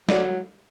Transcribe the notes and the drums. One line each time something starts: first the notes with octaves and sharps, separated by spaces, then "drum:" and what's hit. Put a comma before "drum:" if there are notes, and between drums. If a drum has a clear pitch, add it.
F#3 D5, drum: snare